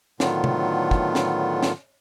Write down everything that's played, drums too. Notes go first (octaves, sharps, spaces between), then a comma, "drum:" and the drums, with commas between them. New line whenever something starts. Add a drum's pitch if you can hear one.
A2 D3 D#3 F#3 B3 F4, drum: snare
drum: tom C3
drum: kick
drum: snare
drum: snare